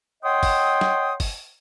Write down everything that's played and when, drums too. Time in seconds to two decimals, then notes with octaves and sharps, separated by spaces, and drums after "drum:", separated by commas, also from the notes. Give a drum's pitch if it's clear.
0.23 C#5 D#5 F#5 G5 C6 D#6
0.43 drum: kick, open hi-hat
0.81 drum: snare
1.20 drum: kick, open hi-hat